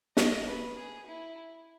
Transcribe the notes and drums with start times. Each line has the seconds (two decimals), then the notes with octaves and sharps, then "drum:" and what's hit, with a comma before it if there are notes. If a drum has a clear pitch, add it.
0.17 D#5, drum: snare
0.47 B4
0.76 G#4
1.07 E4